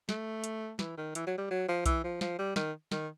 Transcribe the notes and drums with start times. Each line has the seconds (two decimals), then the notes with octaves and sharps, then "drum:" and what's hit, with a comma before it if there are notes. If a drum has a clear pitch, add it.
0.09 A3, drum: snare
0.44 drum: hi-hat
0.79 E3, drum: snare
0.97 D#3
1.15 E3, drum: hi-hat
1.27 F#3
1.38 G3
1.51 F#3
1.68 F3
1.86 E3, drum: kick B1, hi-hat
2.04 F3
2.21 F3, drum: snare
2.39 G3
2.56 D#3, drum: snare
2.92 D#3, drum: snare